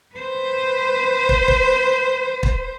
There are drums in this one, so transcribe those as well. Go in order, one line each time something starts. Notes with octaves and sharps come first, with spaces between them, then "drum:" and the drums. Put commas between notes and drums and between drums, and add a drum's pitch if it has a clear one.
B4 C5
drum: kick
drum: kick
drum: kick